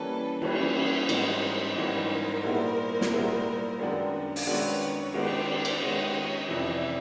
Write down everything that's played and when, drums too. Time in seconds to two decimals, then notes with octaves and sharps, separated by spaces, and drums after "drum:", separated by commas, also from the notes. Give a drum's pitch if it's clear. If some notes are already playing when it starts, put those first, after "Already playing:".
Already playing: E3 G3 A#3 C#4 A4 B4
0.42 E3 G3 A#3 C#4 E4 F#4, drum: cymbal
1.09 G#2 E3 G3 B3 D#4 A#4 C5, drum: cymbal
1.76 G#2 E3 G3 B3 D#4 A#4 C5
2.44 A#2 G3 B3 E4 G#4
3.01 drum: snare
3.11 A#2 G3 B3 E4 G#4
3.79 F#2 D#3 G#3 B3 D4
4.36 drum: open hi-hat
4.46 F#2 D#3 G#3 B3 D4 B4 C#5
5.14 D#3 G#3 B3 C5 D5, drum: cymbal
5.65 drum: cymbal
5.81 D#3 G#3 B3 C#5 D#5
6.49 F2 C3 E3 D5 E5